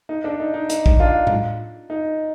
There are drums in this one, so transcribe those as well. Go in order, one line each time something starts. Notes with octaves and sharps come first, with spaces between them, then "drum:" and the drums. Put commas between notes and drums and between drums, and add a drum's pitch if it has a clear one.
D#4
D4
D#4
D#4
D#4, drum: hi-hat
drum: kick A#1
D4 F4
drum: tom A2
D#4